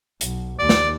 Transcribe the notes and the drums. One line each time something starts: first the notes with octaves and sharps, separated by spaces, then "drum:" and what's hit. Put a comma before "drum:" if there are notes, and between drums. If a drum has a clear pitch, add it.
B1, drum: hi-hat
D#2 D5
drum: snare